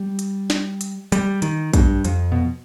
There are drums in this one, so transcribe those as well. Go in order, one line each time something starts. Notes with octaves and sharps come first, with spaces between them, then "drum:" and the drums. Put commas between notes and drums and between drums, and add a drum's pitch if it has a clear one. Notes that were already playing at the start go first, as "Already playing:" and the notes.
Already playing: G3
drum: hi-hat
drum: snare
drum: hi-hat
G3, drum: hi-hat
D#3, drum: hi-hat
G2, drum: kick, hi-hat
F2, drum: hi-hat
B2